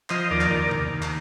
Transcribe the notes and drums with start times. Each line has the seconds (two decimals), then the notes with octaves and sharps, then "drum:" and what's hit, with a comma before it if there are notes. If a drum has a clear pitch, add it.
0.10 F3 C5 D#5, drum: clap
0.30 D#2 A#4 D5
0.41 drum: clap
0.51 D#2 A#4 D5
0.71 D#2, drum: tom C3
0.92 D#2
1.02 drum: clap